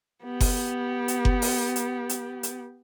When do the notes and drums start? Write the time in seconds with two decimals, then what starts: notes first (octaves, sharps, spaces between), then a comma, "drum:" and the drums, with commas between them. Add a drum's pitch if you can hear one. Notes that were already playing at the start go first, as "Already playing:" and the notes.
0.24 B3 G4
0.40 drum: kick F#1, open hi-hat
1.08 drum: hi-hat
1.25 drum: kick F#1
1.42 drum: open hi-hat
1.76 drum: hi-hat
2.09 drum: hi-hat
2.43 drum: hi-hat